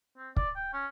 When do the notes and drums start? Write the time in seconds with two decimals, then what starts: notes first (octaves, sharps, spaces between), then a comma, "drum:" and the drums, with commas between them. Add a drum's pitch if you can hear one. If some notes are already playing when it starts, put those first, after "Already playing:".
0.17 C4
0.36 D5, drum: kick
0.56 G5
0.73 C#4